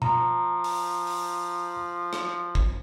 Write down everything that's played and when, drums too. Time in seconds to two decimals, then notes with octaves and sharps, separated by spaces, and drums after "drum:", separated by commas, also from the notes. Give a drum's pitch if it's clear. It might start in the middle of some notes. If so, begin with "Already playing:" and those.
0.02 F3 A#5, drum: tom B2
0.64 drum: open hi-hat
1.07 drum: open hi-hat
2.13 drum: rim click
2.55 drum: kick